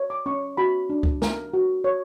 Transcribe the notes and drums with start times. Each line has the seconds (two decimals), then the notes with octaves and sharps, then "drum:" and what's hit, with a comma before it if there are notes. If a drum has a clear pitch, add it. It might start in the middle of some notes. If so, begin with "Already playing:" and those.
Already playing: C#5
0.10 D6
0.26 C#4 C#6
0.57 F#4 B5
0.90 D4
1.03 drum: kick C#2
1.22 A#4, drum: snare
1.53 F#4
1.84 C#5